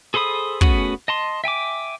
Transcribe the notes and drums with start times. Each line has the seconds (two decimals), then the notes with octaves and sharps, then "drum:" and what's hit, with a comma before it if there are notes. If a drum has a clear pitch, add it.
0.14 G#4 A4 C5 B5 D#6
0.61 A3 B3 C#4 F#4 G#4, drum: kick
1.08 D#5 A5 C6
1.44 E5 G5 G#5 D6